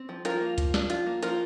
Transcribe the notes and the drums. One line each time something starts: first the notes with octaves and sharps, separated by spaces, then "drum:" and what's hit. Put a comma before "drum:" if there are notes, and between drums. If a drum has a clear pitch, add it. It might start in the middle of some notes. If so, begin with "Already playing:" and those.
Already playing: C4
F3
F3 F4 A#4, drum: hi-hat
A#3
F3, drum: kick C#2, hi-hat
D4, drum: snare
F3 F4, drum: hi-hat
A#3
F3 F4 A#4, drum: hi-hat